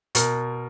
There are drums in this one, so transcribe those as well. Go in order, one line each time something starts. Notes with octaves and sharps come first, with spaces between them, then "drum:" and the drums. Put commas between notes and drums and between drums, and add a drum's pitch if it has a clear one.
B2 A#4, drum: hi-hat